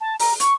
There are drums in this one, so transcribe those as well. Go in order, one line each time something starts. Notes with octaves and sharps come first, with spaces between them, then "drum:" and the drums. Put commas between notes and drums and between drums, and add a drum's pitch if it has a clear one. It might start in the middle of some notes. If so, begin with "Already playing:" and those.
A5
A#5, drum: open hi-hat
C#6, drum: hi-hat